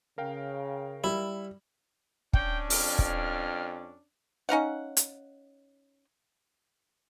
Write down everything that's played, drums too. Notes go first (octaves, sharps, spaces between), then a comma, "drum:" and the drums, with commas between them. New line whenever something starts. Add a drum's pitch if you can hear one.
C#3 A#4 F5 G5
G3 E4
C#4 D4 G5, drum: kick
F2 F6, drum: open hi-hat
drum: kick
C#4 D#4 F5 F#5
drum: hi-hat